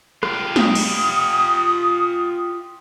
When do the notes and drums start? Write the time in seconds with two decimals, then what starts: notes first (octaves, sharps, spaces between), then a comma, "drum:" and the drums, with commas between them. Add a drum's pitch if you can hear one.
0.23 F4 G4, drum: rim click
0.56 D#6, drum: snare
0.75 drum: cymbal